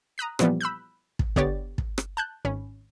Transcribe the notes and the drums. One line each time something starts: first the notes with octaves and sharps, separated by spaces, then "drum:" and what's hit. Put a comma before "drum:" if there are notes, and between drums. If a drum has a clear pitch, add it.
A#5 D#6 F#6 B6
A#2 E3 F3 G3 B3, drum: rim click
B5 E6 F#6 G6
drum: kick
D3 B3 G4 C#5 D5 A6, drum: kick
drum: kick
drum: rim click
A5 F#6 G6
G#1 C#4 B5